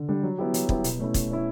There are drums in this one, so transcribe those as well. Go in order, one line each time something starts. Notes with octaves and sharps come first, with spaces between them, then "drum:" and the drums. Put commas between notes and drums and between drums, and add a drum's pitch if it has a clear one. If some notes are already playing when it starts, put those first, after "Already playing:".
Already playing: D3
G3 D4
F#3
B3 E4 G4
F#3, drum: hi-hat
B3 E4 G4, drum: kick
B2, drum: hi-hat
A3 C#4 E4
B2, drum: kick, hi-hat
A3 C#4 E4